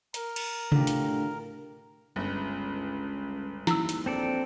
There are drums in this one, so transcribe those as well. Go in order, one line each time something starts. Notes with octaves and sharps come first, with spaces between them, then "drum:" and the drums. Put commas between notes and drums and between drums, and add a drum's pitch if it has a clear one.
A#4, drum: hi-hat
drum: cymbal
A2 D3 F4 G4, drum: tom C3
drum: hi-hat
G1 C#2
D#2 E4 E6, drum: snare
drum: hi-hat
A#1 C4 A4 D5